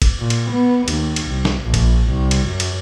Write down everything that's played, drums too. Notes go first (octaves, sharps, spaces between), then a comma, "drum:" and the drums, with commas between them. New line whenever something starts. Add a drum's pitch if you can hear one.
drum: kick F#1, cymbal
A#2
drum: cymbal
B3
D#2, drum: cymbal
drum: cymbal
C2
drum: snare
A#1
drum: kick F#1, cymbal
C2
drum: cymbal
F#2
drum: cymbal